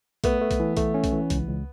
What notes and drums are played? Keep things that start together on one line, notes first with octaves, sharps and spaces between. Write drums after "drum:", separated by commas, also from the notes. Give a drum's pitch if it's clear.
A3 B3, drum: kick, hi-hat
A3
drum: kick, hi-hat
E3
A3, drum: kick, hi-hat
C#4
drum: kick, hi-hat
E3
C#2, drum: kick, hi-hat
C#2